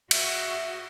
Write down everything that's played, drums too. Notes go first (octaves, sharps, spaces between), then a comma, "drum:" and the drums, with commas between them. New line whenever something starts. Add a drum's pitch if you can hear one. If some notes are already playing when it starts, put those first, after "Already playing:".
F#4 E5, drum: cymbal